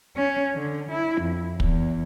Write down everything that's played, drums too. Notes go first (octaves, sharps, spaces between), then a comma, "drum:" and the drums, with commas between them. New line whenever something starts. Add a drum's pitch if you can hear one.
C#4
D3
E4
F2
E2, drum: kick